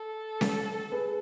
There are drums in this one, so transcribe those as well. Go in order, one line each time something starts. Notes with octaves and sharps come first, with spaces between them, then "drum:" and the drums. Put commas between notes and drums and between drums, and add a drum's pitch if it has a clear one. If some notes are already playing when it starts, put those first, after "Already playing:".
Already playing: A4
drum: snare C#4
G#4 B4